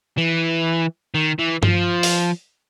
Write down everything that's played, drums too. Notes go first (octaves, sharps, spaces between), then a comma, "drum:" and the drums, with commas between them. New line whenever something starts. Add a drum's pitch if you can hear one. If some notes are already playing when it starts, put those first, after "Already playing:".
E3
D#3
E3
F3, drum: tom G2
drum: open hi-hat